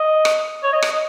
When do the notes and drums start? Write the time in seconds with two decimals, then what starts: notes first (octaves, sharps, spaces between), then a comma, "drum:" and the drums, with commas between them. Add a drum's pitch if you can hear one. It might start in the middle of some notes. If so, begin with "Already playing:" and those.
Already playing: D#5
0.25 drum: rim click
0.63 C#5
0.73 D#5
0.82 drum: rim click
0.92 D#5